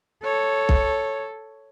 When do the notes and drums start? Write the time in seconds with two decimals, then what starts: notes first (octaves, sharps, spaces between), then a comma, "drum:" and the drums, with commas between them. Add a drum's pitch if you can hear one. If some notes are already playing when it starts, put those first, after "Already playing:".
0.24 A4 C#5
0.69 drum: kick B1